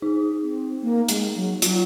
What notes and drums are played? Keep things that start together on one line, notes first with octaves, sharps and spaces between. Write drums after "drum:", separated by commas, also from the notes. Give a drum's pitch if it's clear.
D#4 G#4
C4
A#3
G#3, drum: hi-hat
F#3
F#3 F4, drum: hi-hat